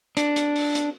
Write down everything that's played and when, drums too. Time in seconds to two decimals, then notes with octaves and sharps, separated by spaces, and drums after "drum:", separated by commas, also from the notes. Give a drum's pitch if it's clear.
0.17 D4, drum: hi-hat
0.36 drum: hi-hat
0.56 drum: open hi-hat
0.75 drum: hi-hat